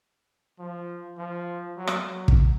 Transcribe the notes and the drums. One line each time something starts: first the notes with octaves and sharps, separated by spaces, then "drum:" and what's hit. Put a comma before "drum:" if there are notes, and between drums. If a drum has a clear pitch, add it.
F3
F3
F#3
drum: rim click
F#3
drum: kick